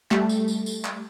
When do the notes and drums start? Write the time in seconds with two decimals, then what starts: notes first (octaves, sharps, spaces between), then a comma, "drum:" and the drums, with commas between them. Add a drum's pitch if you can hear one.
0.11 G3 A3, drum: clap
0.29 drum: tambourine
0.48 drum: tambourine
0.66 drum: tambourine
0.85 drum: clap